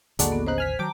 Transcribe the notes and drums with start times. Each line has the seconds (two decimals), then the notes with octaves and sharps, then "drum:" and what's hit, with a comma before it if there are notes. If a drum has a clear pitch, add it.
0.19 A1 D#2 D3 G#3 A#3 D4 F#4 A4, drum: hi-hat
0.32 B3
0.47 C#3 D#4 C5 F#6
0.58 G#5 F6 B6
0.79 D#3 F#3 G5 A5 A#5 D6